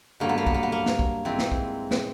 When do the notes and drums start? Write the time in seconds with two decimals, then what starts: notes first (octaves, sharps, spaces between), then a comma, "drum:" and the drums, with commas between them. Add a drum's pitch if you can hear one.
0.20 G2 D3 F#3 A#3
0.29 B3
0.38 A#3
0.46 B3, drum: kick B1
0.54 A#3
0.63 B3
0.72 A#3
0.86 drum: snare
0.99 drum: kick B1
1.25 G#2 E3 C4
1.38 drum: snare
1.52 drum: kick B1
1.91 drum: snare